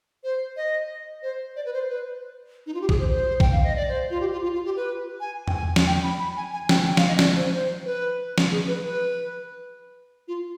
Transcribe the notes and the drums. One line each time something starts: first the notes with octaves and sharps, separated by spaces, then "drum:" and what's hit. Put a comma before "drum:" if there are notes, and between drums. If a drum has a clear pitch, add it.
C5
D#5
C5
D5
B4
C5
B4
D#4
F4
G4
G#4, drum: kick
C5
C5
G5, drum: kick
F5
D#5
D5
C5
F4
G4
F4
F4
F4
G4
B4
G#5
G5, drum: tom E2
G#5
drum: snare
G5
B5
B5
G#5
G#5
G5, drum: snare
G5
F5, drum: snare
D#5
D5, drum: snare
C5
C5
B4
drum: snare
G#4
B4
B4
F4